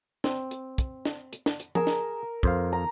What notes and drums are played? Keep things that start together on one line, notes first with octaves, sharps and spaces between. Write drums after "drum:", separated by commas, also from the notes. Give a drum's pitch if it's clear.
C4, drum: snare
drum: hi-hat
drum: kick, hi-hat
drum: snare
drum: hi-hat
drum: snare
drum: hi-hat
G#4 A#4 E6, drum: tom F3
drum: snare
F2 C5 F5, drum: kick
A#5